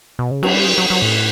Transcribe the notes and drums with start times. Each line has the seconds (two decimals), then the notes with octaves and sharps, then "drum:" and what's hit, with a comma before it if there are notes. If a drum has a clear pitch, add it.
0.19 B2
0.31 C#3
0.43 F#3, drum: cymbal
0.54 G3
0.66 F#3
0.78 F#3
0.90 F#3
1.02 A2